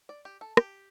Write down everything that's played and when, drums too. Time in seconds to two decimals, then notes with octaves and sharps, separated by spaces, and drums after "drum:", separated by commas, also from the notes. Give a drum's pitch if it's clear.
0.09 D5
0.25 G4
0.41 A4
0.57 G4, drum: rim click